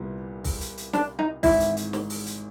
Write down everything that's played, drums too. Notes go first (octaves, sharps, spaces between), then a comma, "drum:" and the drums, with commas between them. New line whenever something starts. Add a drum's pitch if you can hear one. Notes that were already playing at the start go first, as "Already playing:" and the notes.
Already playing: C2 A#2 G3 B3 E4
drum: kick C2, open hi-hat
drum: hi-hat
drum: hi-hat
D4, drum: snare
D#4
G#1 G#2 E3 E4, drum: kick C2, open hi-hat
drum: hi-hat
drum: hi-hat
drum: snare
drum: open hi-hat
drum: hi-hat